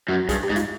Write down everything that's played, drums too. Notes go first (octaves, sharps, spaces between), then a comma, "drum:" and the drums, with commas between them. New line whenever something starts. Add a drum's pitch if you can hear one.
F#2 F#4
G2 G#4, drum: kick B1, hi-hat
G4, drum: rim click
G#2
F4, drum: hi-hat